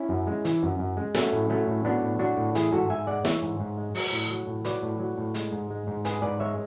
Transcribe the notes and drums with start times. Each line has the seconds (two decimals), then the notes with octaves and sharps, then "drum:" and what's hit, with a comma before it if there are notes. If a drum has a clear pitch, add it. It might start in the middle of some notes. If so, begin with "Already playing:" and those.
Already playing: C#4 E4
0.09 F#2
0.27 G#3
0.45 E3, drum: hi-hat
0.63 F#2
0.79 F#2
0.97 G#3
1.15 F#3 A3 C#4, drum: snare
1.33 A2
1.50 F#3 A3 C#4
1.67 A2
1.85 F#3 B3 D4
2.02 A2
2.19 F#3 D4 F#4
2.37 A2
2.55 E3 E4 G#4, drum: hi-hat
2.72 G#2 F#4 A4
2.89 G#2 E5 G#5
3.07 G#3 D5 F#5
3.25 E3 C#5 E5, drum: snare
3.42 G#2
3.60 G#2
3.78 G#3
3.95 F#3, drum: open hi-hat
4.12 A2
4.30 F#3
4.47 A2
4.65 F#3 B4 D5, drum: hi-hat
4.82 A2
4.99 F#3
5.18 A2
5.34 G#3, drum: hi-hat
5.52 G#2
5.70 G#3
5.87 G#2
6.05 G#3 G#4 B4, drum: hi-hat
6.22 G#2 B4 D5
6.40 G#3 C#5 E5